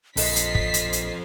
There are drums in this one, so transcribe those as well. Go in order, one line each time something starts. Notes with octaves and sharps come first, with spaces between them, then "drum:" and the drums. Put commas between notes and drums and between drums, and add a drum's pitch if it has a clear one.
A#1 F3 A4 D#5 B6 C7, drum: open hi-hat
drum: hi-hat
drum: kick
drum: hi-hat
drum: hi-hat